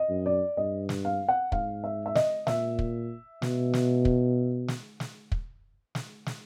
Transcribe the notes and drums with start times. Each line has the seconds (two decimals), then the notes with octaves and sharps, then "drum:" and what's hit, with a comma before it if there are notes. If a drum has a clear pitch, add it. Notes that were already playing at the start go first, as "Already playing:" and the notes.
Already playing: D#5
0.09 F#2
0.26 D5
0.57 G2 D#5
0.89 drum: snare
1.05 F5
1.28 F#5
1.52 G#2 F5, drum: kick
1.84 E5
2.06 E5
2.15 D#5, drum: snare
2.47 A#2 E5, drum: snare
2.79 drum: kick
3.42 B2, drum: snare
3.73 drum: snare
4.05 drum: kick
4.68 drum: snare
5.00 drum: snare
5.32 drum: kick
5.95 drum: snare
6.26 drum: snare